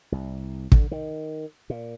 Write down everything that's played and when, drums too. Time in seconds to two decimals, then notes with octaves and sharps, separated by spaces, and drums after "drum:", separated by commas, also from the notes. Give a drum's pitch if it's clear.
0.12 C2
0.72 D3, drum: kick
0.91 D#3
1.70 A#2